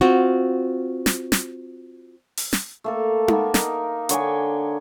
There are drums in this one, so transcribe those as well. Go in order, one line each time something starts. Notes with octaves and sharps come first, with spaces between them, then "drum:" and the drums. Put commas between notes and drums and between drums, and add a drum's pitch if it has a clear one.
C4 F4 F#4
drum: snare
drum: snare
drum: open hi-hat
drum: snare
A3 A#3 A4
A#3 B3, drum: tom D#4
D#4 A#4, drum: snare
D3 C#5 G5 G#5, drum: hi-hat